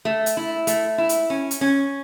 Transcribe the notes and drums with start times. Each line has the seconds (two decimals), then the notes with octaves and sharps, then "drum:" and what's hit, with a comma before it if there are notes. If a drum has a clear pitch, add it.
0.05 A3
0.26 drum: hi-hat
0.37 E4
0.67 A3, drum: hi-hat
0.98 E4
1.09 drum: hi-hat
1.30 C#4
1.51 drum: hi-hat
1.61 C#4